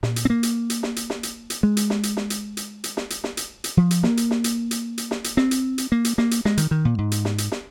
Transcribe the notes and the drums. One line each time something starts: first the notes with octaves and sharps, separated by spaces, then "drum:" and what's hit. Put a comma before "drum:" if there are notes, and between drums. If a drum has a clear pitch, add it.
A#2, drum: snare
drum: hi-hat
C4
A#3
drum: hi-hat
drum: hi-hat
drum: snare
drum: hi-hat
drum: snare
drum: hi-hat
drum: hi-hat
G#3
drum: hi-hat
drum: snare
drum: hi-hat
drum: snare
drum: hi-hat
drum: hi-hat
drum: hi-hat
drum: snare
drum: hi-hat
drum: snare
drum: hi-hat
drum: hi-hat
F3
drum: hi-hat
A#3, drum: snare
drum: hi-hat
drum: snare
drum: hi-hat
drum: hi-hat
drum: hi-hat
drum: snare
drum: hi-hat
C4, drum: snare
drum: hi-hat
drum: hi-hat
A#3
drum: hi-hat
A#3, drum: snare
drum: hi-hat
G#3, drum: snare
D#3, drum: hi-hat
D#3
A#2
G#2
drum: hi-hat
drum: snare
drum: hi-hat
drum: snare